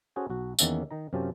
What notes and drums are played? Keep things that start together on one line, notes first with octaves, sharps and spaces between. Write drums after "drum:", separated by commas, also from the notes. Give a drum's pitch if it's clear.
C#4 F#4 G#4 A4 C5
B1 F#4
E2 D#3 A#3 C#4 E5 F#5, drum: tambourine
D#3 D#4 A#5
F#2 C3 C#4 F4 G4 A5